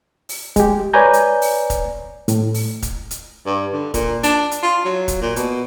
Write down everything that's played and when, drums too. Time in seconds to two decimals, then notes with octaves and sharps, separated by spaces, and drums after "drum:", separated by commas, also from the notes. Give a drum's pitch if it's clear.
0.29 drum: open hi-hat
0.56 G#3 G4, drum: kick, hi-hat
0.93 B4 C#5 D5 G#5 A#5 G6
1.13 drum: hi-hat
1.42 drum: open hi-hat
1.70 drum: kick, hi-hat
2.28 A2, drum: hi-hat
2.54 drum: open hi-hat
2.82 drum: kick, hi-hat
3.11 drum: hi-hat
3.46 G2
3.73 D3
3.94 A#2, drum: kick, hi-hat
4.23 D4, drum: hi-hat
4.51 drum: hi-hat
4.63 F4
4.85 F#3
5.08 drum: kick, hi-hat
5.22 A#2
5.36 B2, drum: hi-hat